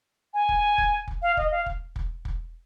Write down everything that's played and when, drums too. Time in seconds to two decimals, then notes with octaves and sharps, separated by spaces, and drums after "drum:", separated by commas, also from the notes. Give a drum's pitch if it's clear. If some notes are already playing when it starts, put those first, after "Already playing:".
0.34 G#5
0.49 drum: kick
0.78 drum: kick
1.08 drum: kick
1.22 F5
1.37 D#5, drum: kick
1.51 F5
1.66 drum: kick
1.96 drum: kick
2.25 drum: kick